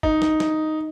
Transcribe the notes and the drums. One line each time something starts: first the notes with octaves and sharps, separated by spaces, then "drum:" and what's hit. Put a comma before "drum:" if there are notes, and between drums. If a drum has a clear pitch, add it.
D#4, drum: kick
drum: snare
drum: snare